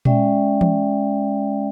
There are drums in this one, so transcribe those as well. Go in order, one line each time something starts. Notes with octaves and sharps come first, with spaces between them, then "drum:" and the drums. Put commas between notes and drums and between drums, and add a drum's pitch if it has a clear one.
G#3 C#4 D5 E5 G5, drum: tom A#2
drum: tom E3